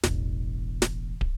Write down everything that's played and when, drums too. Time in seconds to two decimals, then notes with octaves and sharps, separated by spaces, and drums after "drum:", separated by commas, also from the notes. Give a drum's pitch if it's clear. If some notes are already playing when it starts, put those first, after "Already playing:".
0.03 E1 A1, drum: snare
0.82 drum: snare
1.21 drum: kick